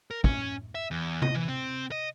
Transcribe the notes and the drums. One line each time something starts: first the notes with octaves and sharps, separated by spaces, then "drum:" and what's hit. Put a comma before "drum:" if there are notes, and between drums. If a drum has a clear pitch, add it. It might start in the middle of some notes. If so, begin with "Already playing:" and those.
A#4
C#4, drum: kick
E5
E2
D#5, drum: tom C3
E3
C4
D#5